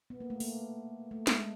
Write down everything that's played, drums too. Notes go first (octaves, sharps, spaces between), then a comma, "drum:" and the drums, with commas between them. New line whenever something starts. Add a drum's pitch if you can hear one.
B3
A#3
A3
A#3, drum: open hi-hat
A3
G#3, drum: snare